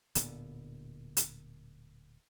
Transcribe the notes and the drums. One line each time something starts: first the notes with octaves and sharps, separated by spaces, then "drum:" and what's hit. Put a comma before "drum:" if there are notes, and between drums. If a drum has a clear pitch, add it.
D1 A#2 D3 B3, drum: hi-hat
drum: hi-hat